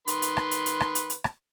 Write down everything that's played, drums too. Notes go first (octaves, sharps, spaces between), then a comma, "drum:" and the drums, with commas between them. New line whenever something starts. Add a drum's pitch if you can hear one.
D#3 B4 C6, drum: hi-hat
drum: hi-hat
drum: rim click
drum: hi-hat
drum: hi-hat
drum: rim click
drum: hi-hat
drum: hi-hat
drum: rim click